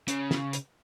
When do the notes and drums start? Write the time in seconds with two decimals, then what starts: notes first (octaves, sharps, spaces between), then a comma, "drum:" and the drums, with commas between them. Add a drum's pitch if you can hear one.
0.08 C#3, drum: hi-hat
0.31 drum: snare
0.53 drum: hi-hat